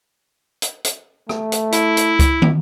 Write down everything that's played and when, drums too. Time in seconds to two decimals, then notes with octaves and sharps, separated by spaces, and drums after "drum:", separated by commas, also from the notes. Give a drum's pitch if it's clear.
0.62 drum: hi-hat
0.84 drum: hi-hat
1.29 A3, drum: rim click
1.52 drum: hi-hat
1.72 E4, drum: hi-hat
1.97 drum: hi-hat
2.19 drum: kick C#2, hi-hat
2.42 drum: tom